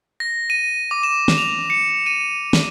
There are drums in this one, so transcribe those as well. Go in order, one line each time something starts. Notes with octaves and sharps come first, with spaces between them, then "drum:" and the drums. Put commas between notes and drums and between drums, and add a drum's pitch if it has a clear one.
A#6
D#7
D6
E7
drum: snare
F7
C#7
D#7
drum: snare